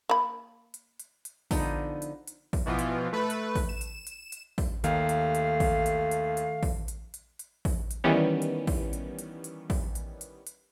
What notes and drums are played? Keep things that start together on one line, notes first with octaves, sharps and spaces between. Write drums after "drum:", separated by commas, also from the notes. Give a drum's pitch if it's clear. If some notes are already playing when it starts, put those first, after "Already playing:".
A#3 B5
drum: hi-hat
drum: hi-hat
drum: hi-hat
D3 F3 B3 D#4, drum: kick A1, open hi-hat
drum: hi-hat
drum: hi-hat
drum: kick A1, open hi-hat
B2 E3 F3 B3 F4
drum: hi-hat
A3 B4
drum: hi-hat
drum: kick A1, open hi-hat
E7
drum: hi-hat
drum: hi-hat
drum: hi-hat
drum: kick A1, open hi-hat
D#2 D#3 A3 F5, drum: hi-hat
drum: hi-hat
drum: hi-hat
drum: kick A1, open hi-hat
drum: hi-hat
drum: hi-hat
drum: hi-hat
drum: kick A1, open hi-hat
drum: hi-hat
drum: hi-hat
drum: hi-hat
drum: kick A1, open hi-hat
drum: hi-hat
D#3 E3 G3 B3 C#4
drum: hi-hat
drum: kick A1, open hi-hat
drum: hi-hat
drum: hi-hat
drum: hi-hat
drum: kick A1, open hi-hat
drum: hi-hat
drum: hi-hat
drum: hi-hat